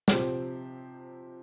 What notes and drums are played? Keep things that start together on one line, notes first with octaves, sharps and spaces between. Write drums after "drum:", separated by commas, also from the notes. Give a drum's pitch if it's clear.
C3 F3 C4 G4 C5, drum: snare